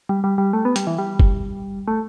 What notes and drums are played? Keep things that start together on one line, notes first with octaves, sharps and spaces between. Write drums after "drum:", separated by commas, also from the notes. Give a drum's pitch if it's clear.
G3
G3
G3
A3
B3
G3, drum: hi-hat
E3
G3
drum: kick F#1
A3